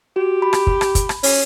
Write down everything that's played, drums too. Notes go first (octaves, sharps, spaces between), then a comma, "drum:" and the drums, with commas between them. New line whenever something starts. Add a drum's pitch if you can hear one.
F#4 G4
B5
drum: rim click
drum: kick
drum: rim click
drum: kick, hi-hat
drum: rim click
C#4, drum: open hi-hat